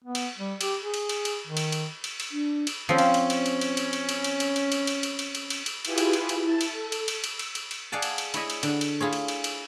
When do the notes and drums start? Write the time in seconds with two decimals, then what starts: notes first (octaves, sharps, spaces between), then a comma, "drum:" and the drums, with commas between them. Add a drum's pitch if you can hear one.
0.04 B3
0.15 drum: cymbal
0.38 G3
0.61 G4, drum: cymbal
0.83 G#4
0.94 drum: cymbal
1.09 drum: cymbal
1.25 drum: cymbal
1.47 D#3
1.57 drum: cymbal
1.72 drum: cymbal
2.04 drum: cymbal
2.20 drum: cymbal
2.32 D4
2.67 drum: cymbal
2.89 F3 C4 C#4
2.98 drum: cymbal
3.14 drum: cymbal
3.30 drum: cymbal
3.46 drum: cymbal
3.61 drum: cymbal
3.77 drum: cymbal
3.93 drum: cymbal
4.09 drum: cymbal
4.24 drum: cymbal
4.40 drum: cymbal
4.56 drum: cymbal
4.72 drum: cymbal
4.87 drum: cymbal
5.03 drum: cymbal
5.19 drum: cymbal
5.35 drum: cymbal
5.50 drum: cymbal
5.66 drum: cymbal
5.85 E4 F4 G4 G#4 B4 G#5, drum: cymbal
5.98 drum: cymbal
6.13 drum: cymbal
6.29 drum: cymbal
6.41 E4 A5 A6
6.61 drum: cymbal
6.71 A4
6.92 drum: cymbal
7.08 drum: cymbal
7.24 E6, drum: cymbal
7.39 drum: cymbal
7.55 drum: cymbal
7.71 drum: cymbal
7.92 G#4 D5 F5 F#5 G#5 A5
8.02 drum: cymbal
8.18 drum: cymbal
8.34 E4 C#5 D#5 E5, drum: cymbal
8.50 drum: cymbal
8.63 D3, drum: cymbal
8.81 drum: cymbal
9.00 E4 F4 G#4 C#5
9.13 drum: cymbal
9.28 drum: cymbal
9.44 drum: cymbal